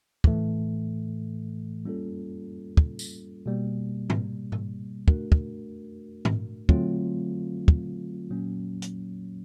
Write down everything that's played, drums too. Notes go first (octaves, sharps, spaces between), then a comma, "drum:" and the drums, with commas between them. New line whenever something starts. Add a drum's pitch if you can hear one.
A2 E3 A3, drum: kick
G3 A#3 C#4 F4 A4
drum: kick
drum: tambourine
B2 G3 A#3
drum: tom G#2
drum: tom G#2
A3 D4 F#4 A#4, drum: kick
drum: kick
drum: tom G#2
D3 F#3 A3 C4 F4, drum: kick
drum: kick
A#2 F#3 A#3 C#4
drum: hi-hat